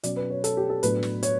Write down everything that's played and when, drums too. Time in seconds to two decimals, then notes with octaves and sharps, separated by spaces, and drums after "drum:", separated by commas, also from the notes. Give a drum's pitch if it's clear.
0.03 B2 F#3 C#4 D5, drum: hi-hat
0.16 B4
0.30 C#5
0.44 A4, drum: hi-hat
0.57 G4
0.70 A4
0.83 A2 F#3 B3 D4 B4, drum: hi-hat
1.03 drum: snare
1.23 C#5, drum: hi-hat